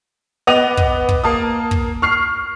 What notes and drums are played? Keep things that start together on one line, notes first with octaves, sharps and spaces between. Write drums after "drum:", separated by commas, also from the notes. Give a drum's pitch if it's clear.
B3 D#5 D6 D#7 F7
drum: kick
drum: kick
A#3 A5 D#6
drum: kick
C#6 F6 C7